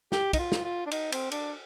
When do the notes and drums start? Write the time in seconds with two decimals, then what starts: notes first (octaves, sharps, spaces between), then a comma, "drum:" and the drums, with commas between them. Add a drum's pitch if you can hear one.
0.12 G4, drum: snare
0.33 D#4, drum: kick, cymbal
0.39 F4
0.52 drum: snare
0.65 F4
0.86 D4
0.91 D#4, drum: cymbal
1.12 C4, drum: cymbal
1.31 D4, drum: cymbal